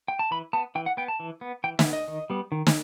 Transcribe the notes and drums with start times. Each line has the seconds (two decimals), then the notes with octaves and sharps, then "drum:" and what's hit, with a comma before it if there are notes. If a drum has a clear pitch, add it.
0.08 G5
0.19 A5
0.31 E3 B5
0.53 B3 A5
0.75 E3 G5
0.86 F#5
0.97 B3 G5
1.08 A5
1.20 E3
1.41 B3
1.64 E3 G5
1.79 E5, drum: snare
1.86 B3
1.93 D#5
2.08 D#3
2.30 G3 B3
2.52 D#3
2.67 drum: snare